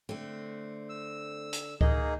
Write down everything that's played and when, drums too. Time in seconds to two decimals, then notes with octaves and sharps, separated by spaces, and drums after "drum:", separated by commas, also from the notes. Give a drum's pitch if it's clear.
0.09 D3 A3 C4
0.90 E6
1.53 drum: hi-hat
1.81 A#3 D#4 G#4 D#5, drum: kick C#2